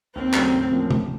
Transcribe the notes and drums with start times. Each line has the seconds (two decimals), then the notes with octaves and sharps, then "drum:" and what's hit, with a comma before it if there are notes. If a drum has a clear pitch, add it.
0.15 D#2 C4
0.33 C#3 F#3 A3, drum: clap
0.53 A2
0.71 F3 A#3 C#4
0.91 F1, drum: tom C3